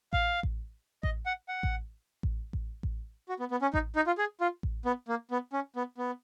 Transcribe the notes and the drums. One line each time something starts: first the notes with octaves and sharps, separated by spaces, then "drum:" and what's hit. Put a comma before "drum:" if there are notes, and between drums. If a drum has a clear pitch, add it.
F5, drum: kick A1
drum: kick A1
D#5, drum: kick A1
F#5
F#5
drum: kick A1
drum: kick A1
drum: kick A1
drum: kick A1
F#4
B3
B3
C#4
D#4, drum: kick A1
D#4
F4
G#4
F4
drum: kick A1
B3
A#3
B3
C#4
B3
B3